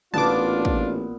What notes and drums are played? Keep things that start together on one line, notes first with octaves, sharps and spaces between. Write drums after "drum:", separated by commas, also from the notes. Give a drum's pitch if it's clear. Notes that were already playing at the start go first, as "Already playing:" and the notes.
A1 A#2 B3 D4 F4 A5 D6, drum: tom
drum: kick